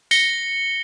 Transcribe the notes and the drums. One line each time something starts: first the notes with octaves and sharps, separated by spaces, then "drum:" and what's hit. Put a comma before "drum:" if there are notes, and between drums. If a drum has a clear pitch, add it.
A#6 C#7 G7, drum: tambourine